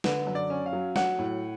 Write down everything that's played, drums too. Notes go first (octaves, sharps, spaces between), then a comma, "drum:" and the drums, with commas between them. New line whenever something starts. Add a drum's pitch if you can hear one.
D3 B4, drum: snare
F#2
D5
C#4
F5
F#3
F#3 F#5, drum: snare
A2